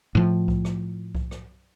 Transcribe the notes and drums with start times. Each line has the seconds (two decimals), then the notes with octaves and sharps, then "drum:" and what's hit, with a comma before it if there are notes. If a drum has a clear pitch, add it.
0.15 A2 F3
0.48 drum: kick C2
0.65 drum: rim click
1.15 drum: kick C2
1.31 drum: rim click